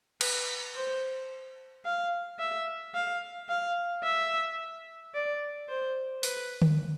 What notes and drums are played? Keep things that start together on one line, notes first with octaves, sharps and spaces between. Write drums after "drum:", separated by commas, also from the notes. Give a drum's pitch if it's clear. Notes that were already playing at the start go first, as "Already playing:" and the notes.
B4, drum: cymbal
C5
F5
E5
F5
F5
E5
D5
C5
B4, drum: open hi-hat
drum: tom D3